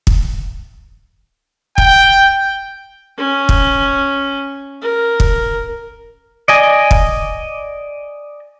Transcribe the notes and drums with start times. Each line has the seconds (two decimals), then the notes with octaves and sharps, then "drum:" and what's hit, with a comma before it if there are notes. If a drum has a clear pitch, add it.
0.07 drum: kick
1.78 G5, drum: kick
3.18 C#4
3.49 drum: kick
4.82 A#4
5.20 drum: kick
6.48 D5 D#5 G#5
6.91 drum: kick